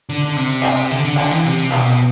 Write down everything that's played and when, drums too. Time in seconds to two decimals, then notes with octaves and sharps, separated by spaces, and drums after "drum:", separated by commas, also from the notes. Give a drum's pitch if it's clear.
0.09 D3
0.25 D3
0.37 C3
0.50 drum: tambourine
0.63 drum: clap
0.77 drum: tambourine
0.91 D3
1.05 D3, drum: tambourine
1.18 D3, drum: clap
1.31 E3, drum: tambourine
1.45 C3
1.59 drum: tambourine
1.72 B2, drum: clap
1.86 drum: tambourine